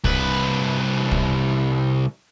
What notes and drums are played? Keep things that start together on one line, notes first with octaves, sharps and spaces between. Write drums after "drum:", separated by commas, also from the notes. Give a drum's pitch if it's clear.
C2 B4, drum: kick
drum: kick